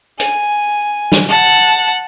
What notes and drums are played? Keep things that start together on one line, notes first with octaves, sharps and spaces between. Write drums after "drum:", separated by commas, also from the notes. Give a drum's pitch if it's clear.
G#5, drum: hi-hat
drum: snare
F#5 A5